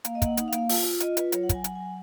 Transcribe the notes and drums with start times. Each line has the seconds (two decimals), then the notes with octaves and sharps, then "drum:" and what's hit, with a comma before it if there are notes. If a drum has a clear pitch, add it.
0.05 A#3 F5, drum: hi-hat
0.15 D#5
0.22 A#3 F#5, drum: kick, hi-hat
0.37 D#4 F#5, drum: hi-hat
0.48 F5
0.52 A#3, drum: hi-hat
0.58 F5
0.69 F4, drum: open hi-hat
0.85 F4
1.00 F4 D#5, drum: hi-hat
1.17 F4 B4, drum: hi-hat
1.32 F#3 C#5, drum: hi-hat
1.43 F#5
1.49 F#3 G#5, drum: kick, hi-hat
1.64 F#3 F#5, drum: hi-hat
1.75 F#3 G#5
1.85 F#5